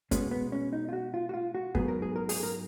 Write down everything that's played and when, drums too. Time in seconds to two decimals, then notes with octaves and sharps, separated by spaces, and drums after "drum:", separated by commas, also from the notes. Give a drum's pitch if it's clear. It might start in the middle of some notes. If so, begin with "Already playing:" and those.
0.11 B2 G#3 B3 C#4, drum: kick, hi-hat
0.31 B3
0.52 C#4
0.73 D#4
0.89 F4
0.93 F#4
1.14 F4
1.29 F#4
1.34 F4
1.55 F#4
1.75 G#2 F#3 B3 G#4, drum: kick
1.88 A#4
2.02 G#4
2.16 A#4
2.29 G#4, drum: open hi-hat
2.43 A#4